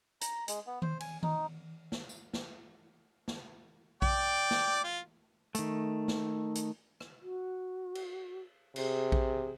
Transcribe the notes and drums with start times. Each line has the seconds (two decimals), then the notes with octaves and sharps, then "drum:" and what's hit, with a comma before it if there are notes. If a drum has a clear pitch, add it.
0.21 A#5, drum: hi-hat
0.48 G#3, drum: hi-hat
0.67 B3
0.82 C5, drum: tom D#3
1.00 G#5, drum: cymbal
1.23 D#4, drum: tom D#3
1.92 drum: snare
2.09 drum: tambourine
2.33 drum: snare
3.28 drum: snare
4.02 D5 G5, drum: kick A#1
4.51 drum: snare
4.83 F4
5.55 D#3 A3, drum: hi-hat
6.08 drum: snare
6.55 drum: hi-hat
7.00 drum: rim click
7.21 F#4
7.95 drum: cymbal
8.76 C3 G#4, drum: cymbal
9.12 drum: kick A#1